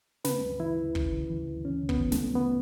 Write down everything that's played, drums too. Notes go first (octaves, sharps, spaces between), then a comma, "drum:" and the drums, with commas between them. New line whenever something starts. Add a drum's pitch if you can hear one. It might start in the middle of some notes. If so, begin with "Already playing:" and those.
C#3 B4, drum: snare
D2
E3 E4
D2
C#3, drum: kick
D2
E3
D2
C#3 C#4
D2
B3, drum: kick
E3
A3, drum: snare
D2
C#3 B3